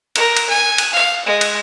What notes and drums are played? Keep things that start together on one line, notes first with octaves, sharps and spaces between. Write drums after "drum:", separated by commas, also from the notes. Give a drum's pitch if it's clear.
A#4, drum: cymbal
drum: cymbal
G#5
drum: cymbal
F5
G#3
drum: cymbal